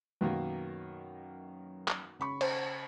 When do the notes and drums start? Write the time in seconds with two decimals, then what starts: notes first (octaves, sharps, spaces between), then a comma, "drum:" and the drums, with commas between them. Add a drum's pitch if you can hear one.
0.21 F#2 B2 D#3 A#3
1.88 drum: clap
2.19 C#3 B5 C#6
2.41 C5, drum: cymbal